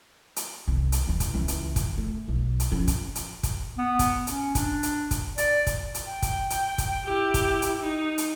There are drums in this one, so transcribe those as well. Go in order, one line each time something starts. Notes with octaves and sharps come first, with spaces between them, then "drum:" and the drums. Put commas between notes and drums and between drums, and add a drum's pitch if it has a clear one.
drum: hi-hat
C2 D#3
drum: hi-hat
D#2 E3
drum: kick, hi-hat
C#2 E3
drum: hi-hat
drum: kick, hi-hat
A3
B1
drum: hi-hat
F3 C#4
drum: kick, hi-hat
drum: hi-hat
drum: kick, hi-hat
B3
drum: kick, hi-hat
C#4, drum: hi-hat
D4, drum: kick, hi-hat
drum: hi-hat
drum: kick, hi-hat
D5, drum: hi-hat
drum: kick, hi-hat
drum: hi-hat
G5
drum: kick, hi-hat
drum: hi-hat
drum: kick, hi-hat
E4 G4
drum: kick, hi-hat
drum: hi-hat
D#4
drum: hi-hat